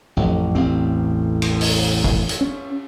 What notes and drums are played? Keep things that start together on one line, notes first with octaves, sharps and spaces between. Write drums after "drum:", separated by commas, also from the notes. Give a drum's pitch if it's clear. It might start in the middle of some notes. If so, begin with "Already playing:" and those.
A1 F2
A1 E2 C4
drum: cymbal
drum: open hi-hat
drum: kick
drum: hi-hat
C#4